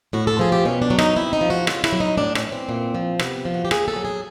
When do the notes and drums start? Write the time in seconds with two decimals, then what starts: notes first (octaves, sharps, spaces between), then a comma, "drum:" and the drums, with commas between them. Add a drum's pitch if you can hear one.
0.13 A2 F#4
0.27 A4
0.39 F3 G#4
0.52 G4
0.65 B2 C#4
0.82 D4
0.90 F#3
0.99 D#4, drum: rim click
1.16 C3 E4
1.33 D#4
1.41 F3
1.50 F#4
1.67 C#3 F4, drum: rim click
1.84 E4, drum: rim click
1.92 F#3
2.00 D#4
2.18 A2 D4
2.35 C#4, drum: rim click
2.44 E3
2.52 C4
2.69 A#2
2.95 F3
3.19 C3 B3, drum: rim click
3.45 F3
3.54 F#4
3.65 G4
3.71 A#2 G#4, drum: rim click
3.88 A4
3.96 F#3
4.05 G#4